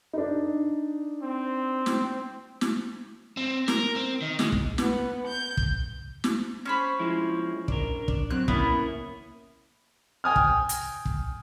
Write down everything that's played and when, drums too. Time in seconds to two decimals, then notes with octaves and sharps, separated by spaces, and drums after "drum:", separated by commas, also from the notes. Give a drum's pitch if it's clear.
0.13 D4 D#4
1.23 C4
1.86 drum: snare
2.61 drum: snare
3.37 C4
3.68 A#4, drum: snare
3.96 C4
4.22 D#3
4.39 G#3, drum: snare
4.52 drum: kick
4.78 B3, drum: snare
5.27 G6
5.57 drum: kick
6.24 drum: snare
6.66 C#4 C5 B5
6.99 F3 G#3 E4
7.68 D4 A#4, drum: kick
8.08 D4, drum: kick
8.30 F#3 C4 F#6
8.48 A#3 B3 C#4 E4, drum: kick
10.24 G5 G#5 D#6 F6
10.36 drum: kick
10.69 drum: hi-hat
11.05 drum: kick